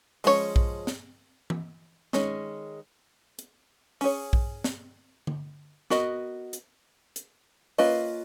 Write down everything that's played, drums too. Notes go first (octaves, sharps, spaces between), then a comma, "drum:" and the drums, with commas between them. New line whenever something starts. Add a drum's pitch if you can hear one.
F3 G#3 C#4 F#4 C#5, drum: open hi-hat
drum: kick A#1
drum: snare
drum: tom E3
D#3 G#3 C#4, drum: snare
drum: hi-hat
C#4 G#4 C#5, drum: open hi-hat
drum: kick A#1
drum: snare
drum: tom D3
B3 F#4 A#4 D#5, drum: snare
drum: hi-hat
drum: hi-hat
A#3 C#4 F4 B4 D#5, drum: open hi-hat